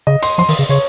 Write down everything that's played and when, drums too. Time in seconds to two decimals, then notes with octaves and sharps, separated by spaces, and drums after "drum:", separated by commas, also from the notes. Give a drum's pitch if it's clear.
0.07 C#3 D#5
0.23 C6, drum: cymbal
0.38 F3 C6
0.49 D#3, drum: cymbal
0.59 C#3
0.69 C#3 C#5